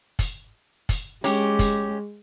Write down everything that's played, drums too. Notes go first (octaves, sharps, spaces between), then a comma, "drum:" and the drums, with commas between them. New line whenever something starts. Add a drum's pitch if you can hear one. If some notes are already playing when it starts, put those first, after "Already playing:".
drum: kick, hi-hat
drum: kick, hi-hat
G#3 C#4 G4, drum: hi-hat
drum: kick, hi-hat